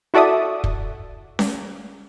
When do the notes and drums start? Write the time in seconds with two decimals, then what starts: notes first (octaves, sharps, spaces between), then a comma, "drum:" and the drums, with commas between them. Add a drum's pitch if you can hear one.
0.14 E4 F#4 A4 D5 E5 D#6
0.64 drum: kick
1.39 drum: snare C#4